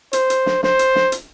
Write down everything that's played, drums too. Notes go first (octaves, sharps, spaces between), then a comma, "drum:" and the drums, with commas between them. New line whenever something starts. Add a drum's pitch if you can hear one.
C5, drum: hi-hat
drum: hi-hat
drum: snare
C5, drum: snare
drum: hi-hat
drum: snare
drum: hi-hat